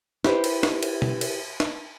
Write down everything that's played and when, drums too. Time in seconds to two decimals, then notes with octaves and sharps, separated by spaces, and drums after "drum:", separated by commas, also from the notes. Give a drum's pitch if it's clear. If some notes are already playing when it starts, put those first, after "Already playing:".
0.24 E4 G4 B4 C5, drum: snare
0.44 drum: cymbal
0.63 drum: snare
0.83 drum: cymbal
1.02 drum: tom B2
1.21 drum: cymbal
1.60 drum: snare